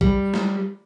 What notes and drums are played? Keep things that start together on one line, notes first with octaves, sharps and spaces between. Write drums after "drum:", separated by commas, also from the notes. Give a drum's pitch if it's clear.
G3, drum: kick A#1
drum: snare